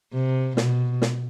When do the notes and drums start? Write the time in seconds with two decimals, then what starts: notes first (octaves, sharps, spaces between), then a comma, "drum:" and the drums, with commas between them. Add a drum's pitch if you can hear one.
0.13 C3
0.57 B2, drum: snare
1.02 drum: snare